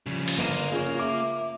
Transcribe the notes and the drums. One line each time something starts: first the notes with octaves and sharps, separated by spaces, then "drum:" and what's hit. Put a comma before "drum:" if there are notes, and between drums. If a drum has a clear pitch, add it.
C#3 F3 G3
drum: open hi-hat
G1 A#3 D#7 E7
C#3 C#4 F4
E5 D6